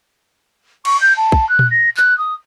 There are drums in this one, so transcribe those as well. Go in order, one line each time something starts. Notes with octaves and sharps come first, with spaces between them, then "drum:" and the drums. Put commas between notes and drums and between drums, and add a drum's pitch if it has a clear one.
C#6, drum: cymbal
G6
A5
drum: kick
F#6
drum: tom A#2
A#6
F#6, drum: clap
D#6